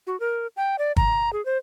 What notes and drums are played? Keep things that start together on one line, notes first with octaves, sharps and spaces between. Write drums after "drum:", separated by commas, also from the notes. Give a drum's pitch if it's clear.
F#4
A#4
G5
D5
A#5, drum: kick G1
G#4
C5